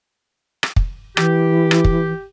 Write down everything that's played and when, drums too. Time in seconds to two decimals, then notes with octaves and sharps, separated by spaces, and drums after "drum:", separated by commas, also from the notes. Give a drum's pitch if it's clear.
0.63 drum: rim click
0.76 drum: kick
1.17 E3 G4, drum: rim click
1.71 drum: rim click
1.84 drum: kick